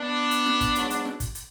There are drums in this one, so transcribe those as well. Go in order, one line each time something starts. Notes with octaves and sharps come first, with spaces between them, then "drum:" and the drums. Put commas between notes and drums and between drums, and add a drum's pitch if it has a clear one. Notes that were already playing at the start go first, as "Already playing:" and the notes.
Already playing: B3 D4
drum: hi-hat
drum: snare
drum: kick, hi-hat
G#2 F#3, drum: hi-hat
drum: hi-hat
drum: snare
drum: kick, hi-hat
drum: hi-hat